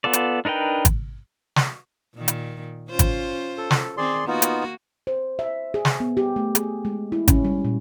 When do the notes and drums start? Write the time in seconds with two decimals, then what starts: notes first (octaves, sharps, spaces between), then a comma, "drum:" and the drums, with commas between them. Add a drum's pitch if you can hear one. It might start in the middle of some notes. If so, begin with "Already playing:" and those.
0.04 B3 F4 A4 D5
0.13 drum: hi-hat
0.45 D4 D#4 A#4 B4 G5
0.85 drum: kick G#1, hi-hat
1.56 drum: snare
2.15 A#2 D#3
2.28 drum: hi-hat
2.90 C#4 F4 C5
2.99 drum: kick G#1, hi-hat
3.58 A4
3.70 drum: snare
3.97 D#3 C4 G#4 D5 C6
4.27 A#3 B3 D#4 F4 F#4
4.42 drum: hi-hat
5.07 C5
5.39 E5
5.74 G#4
5.85 drum: snare
6.00 B3
6.17 G4
6.36 A3
6.55 G#4, drum: hi-hat
6.85 G#3
7.12 E4
7.28 C#4, drum: kick G#1, hi-hat
7.45 G3
7.65 A#2